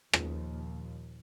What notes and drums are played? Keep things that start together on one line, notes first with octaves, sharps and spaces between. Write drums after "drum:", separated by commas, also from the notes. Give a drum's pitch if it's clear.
D#2 A#2 F3, drum: rim click